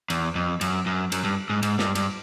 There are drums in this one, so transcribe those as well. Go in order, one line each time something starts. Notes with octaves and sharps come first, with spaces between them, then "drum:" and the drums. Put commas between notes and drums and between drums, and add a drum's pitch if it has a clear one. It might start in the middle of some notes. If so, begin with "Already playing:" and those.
E2, drum: cymbal
F2
F#2, drum: cymbal
F#2
F#2, drum: cymbal
G2
G#2
G#2, drum: cymbal
G2, drum: snare
G2, drum: cymbal